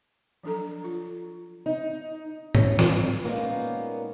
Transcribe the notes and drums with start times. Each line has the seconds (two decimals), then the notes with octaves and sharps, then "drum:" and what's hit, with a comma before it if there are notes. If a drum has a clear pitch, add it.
0.44 F3 F#3 D4 A4 A#5
0.84 F4
1.66 D#4
2.55 C#5, drum: tom G#2
2.79 G2, drum: snare
3.24 A#2 G#3 A#3 B3 C#4 D#4